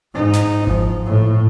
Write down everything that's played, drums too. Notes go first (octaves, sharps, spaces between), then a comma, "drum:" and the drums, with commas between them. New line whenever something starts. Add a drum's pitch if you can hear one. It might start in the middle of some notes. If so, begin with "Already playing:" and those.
G#2 D#4
drum: snare
G#2 F3, drum: kick G1
A2